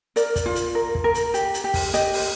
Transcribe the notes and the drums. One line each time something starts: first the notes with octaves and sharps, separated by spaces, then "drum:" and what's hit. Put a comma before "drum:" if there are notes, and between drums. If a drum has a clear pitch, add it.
A#4 D5, drum: hi-hat
drum: kick, hi-hat
F4
drum: hi-hat
A#4
drum: kick
A#4
drum: hi-hat
G4, drum: hi-hat
drum: hi-hat
G4
drum: kick, open hi-hat
G4 D#5, drum: hi-hat
drum: open hi-hat